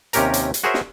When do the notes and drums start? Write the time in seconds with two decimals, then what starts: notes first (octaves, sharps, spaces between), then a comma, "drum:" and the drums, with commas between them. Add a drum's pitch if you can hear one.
0.13 D#2 C3 C#4 G4 A#4 A#5, drum: hi-hat
0.34 drum: hi-hat
0.54 drum: hi-hat
0.64 F#4 G#4 A#4 C5 C#5 E5
0.74 drum: snare